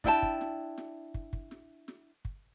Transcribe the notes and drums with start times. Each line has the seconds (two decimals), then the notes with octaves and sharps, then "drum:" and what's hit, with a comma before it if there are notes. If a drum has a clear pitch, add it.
0.04 D4 E4 G5 A5, drum: kick
0.22 drum: kick
0.41 drum: snare
0.78 drum: snare
1.14 drum: kick
1.33 drum: kick
1.51 drum: snare
1.88 drum: snare
2.25 drum: kick